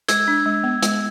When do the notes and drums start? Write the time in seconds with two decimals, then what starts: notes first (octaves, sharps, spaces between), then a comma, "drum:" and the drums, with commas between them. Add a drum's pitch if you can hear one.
0.08 G#3 E6 G#6, drum: hi-hat
0.28 D4
0.46 G#3
0.64 B3
0.83 G#3, drum: hi-hat